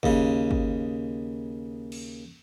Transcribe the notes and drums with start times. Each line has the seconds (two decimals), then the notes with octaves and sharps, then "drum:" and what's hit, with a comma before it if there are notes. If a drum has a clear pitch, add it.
0.03 D#2 C#3, drum: kick
0.51 drum: kick
1.92 drum: cymbal